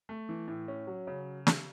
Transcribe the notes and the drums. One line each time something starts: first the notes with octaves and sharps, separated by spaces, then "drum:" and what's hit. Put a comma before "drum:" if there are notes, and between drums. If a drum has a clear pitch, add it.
A3
E3
A2
C#4
F#3
C#3
drum: snare